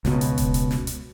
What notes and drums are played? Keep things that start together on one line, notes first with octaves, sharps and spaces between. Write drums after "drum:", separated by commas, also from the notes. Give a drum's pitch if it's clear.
C#2 B2, drum: snare
drum: hi-hat
drum: kick E1, hi-hat
drum: hi-hat
drum: snare
drum: hi-hat